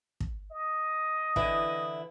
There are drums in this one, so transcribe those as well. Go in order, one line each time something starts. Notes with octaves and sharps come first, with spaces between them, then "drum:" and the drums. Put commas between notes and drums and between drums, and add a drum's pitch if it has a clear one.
drum: kick
D#5
D3 E3 E4, drum: kick